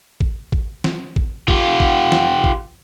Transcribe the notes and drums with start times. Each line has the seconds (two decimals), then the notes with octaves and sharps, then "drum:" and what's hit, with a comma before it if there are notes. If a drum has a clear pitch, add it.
0.20 drum: kick A1
0.52 drum: kick A1
0.84 drum: snare
1.16 drum: kick A1
1.48 F4 G4, drum: kick A1
1.80 drum: kick A1
2.12 drum: snare
2.44 drum: kick A1